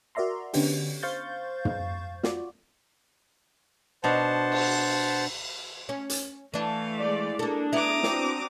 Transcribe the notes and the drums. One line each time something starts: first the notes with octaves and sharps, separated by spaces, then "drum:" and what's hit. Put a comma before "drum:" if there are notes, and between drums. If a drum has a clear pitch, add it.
F#4 A#4 D5 E5 A#5 C6
D3 B3 C#4 D4 G4, drum: open hi-hat
C5 F5 C#6 G6 A6
drum: tom
F4 F#4 D5, drum: snare
B2 D4 C5 F#5 A5
drum: cymbal
C#4
drum: hi-hat
E3 A3 D4 F5
G#3 D5
A#3 D4 G#4 A4
B3 E4 A#5 D6 D#6
C4 D4 F#4, drum: snare